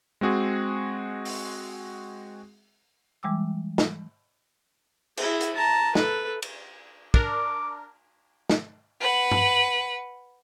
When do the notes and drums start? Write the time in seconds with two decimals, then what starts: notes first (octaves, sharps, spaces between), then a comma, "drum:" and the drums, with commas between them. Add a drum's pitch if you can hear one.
0.21 G#3 C4 F#4 G#4
1.25 drum: open hi-hat
3.23 E3 G3 G#3 G5 D6 E6
3.78 drum: snare
5.17 E4 G#4, drum: cymbal
5.40 drum: hi-hat
5.55 A5 A#5
5.95 A4 B4, drum: snare
6.42 drum: cymbal
7.14 D4 A#4 D6, drum: kick
8.50 drum: snare
9.01 B4 F#5
9.31 drum: tom G2